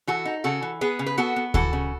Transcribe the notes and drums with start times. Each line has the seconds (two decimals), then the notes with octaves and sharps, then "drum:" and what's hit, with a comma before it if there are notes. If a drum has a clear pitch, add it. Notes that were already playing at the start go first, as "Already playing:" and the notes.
0.07 E3 F#4 A4
0.25 D#4
0.44 C#3 F#4 A4
0.62 E3
0.81 B3 G#4 B4
0.99 C#3
1.06 B4
1.18 B3 F#4 A4
1.36 B3
1.54 E3 F#4 A4, drum: kick D2
1.73 C#3